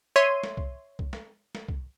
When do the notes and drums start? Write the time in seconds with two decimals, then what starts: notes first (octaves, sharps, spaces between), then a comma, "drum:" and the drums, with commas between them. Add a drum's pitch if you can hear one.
0.16 C#5 E5 C6 D#7
0.43 drum: snare
0.57 drum: kick C2
0.99 drum: kick C2
1.13 drum: snare
1.55 drum: snare
1.68 drum: kick C2